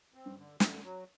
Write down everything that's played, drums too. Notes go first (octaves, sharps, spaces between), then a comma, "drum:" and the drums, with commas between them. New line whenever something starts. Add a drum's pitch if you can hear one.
C4
G2
D3
F#2 D3, drum: snare
F#3